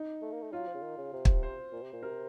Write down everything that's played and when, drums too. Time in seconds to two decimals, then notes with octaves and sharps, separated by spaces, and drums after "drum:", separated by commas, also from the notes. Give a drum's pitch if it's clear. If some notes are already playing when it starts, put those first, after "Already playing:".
Already playing: D#4
0.22 A3
0.32 A#3
0.42 A3
0.52 F#3 F4
0.67 F3
0.75 C#3
0.82 D#3
0.98 C#3
1.13 C3
1.25 drum: kick
1.43 C5
1.73 A#2
1.82 C3
1.93 A#2
2.02 C3 A#4